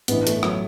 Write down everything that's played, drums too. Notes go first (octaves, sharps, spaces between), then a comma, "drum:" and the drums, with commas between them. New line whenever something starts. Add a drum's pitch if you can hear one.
A1 G2 E3 B3, drum: hi-hat
A3, drum: hi-hat
F#3, drum: rim click